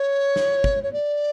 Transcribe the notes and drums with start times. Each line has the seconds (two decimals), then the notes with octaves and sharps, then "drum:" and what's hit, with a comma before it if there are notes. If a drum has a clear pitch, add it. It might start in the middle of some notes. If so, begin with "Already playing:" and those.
Already playing: C#5
0.36 drum: snare
0.64 drum: kick
0.83 C#5
0.92 D5